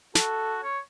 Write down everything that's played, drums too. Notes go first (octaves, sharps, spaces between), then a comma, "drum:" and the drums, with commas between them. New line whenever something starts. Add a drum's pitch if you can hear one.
F#4 A4, drum: snare
C#5